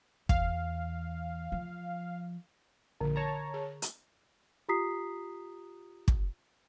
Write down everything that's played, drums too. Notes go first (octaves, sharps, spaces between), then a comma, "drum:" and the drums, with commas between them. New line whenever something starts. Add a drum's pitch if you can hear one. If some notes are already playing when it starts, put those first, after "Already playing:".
E2 F5, drum: kick
F3
A#1 D3
C#5 A5 A#5
G#4
drum: hi-hat
F4 G4 A#5 D#6 B6 C7
drum: kick